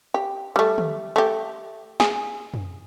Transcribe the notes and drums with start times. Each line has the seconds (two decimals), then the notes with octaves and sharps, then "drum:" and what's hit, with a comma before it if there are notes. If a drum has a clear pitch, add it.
0.14 G4
0.56 G3 A3
0.78 drum: tom
1.16 A3 G4
2.00 G#4, drum: snare
2.54 drum: tom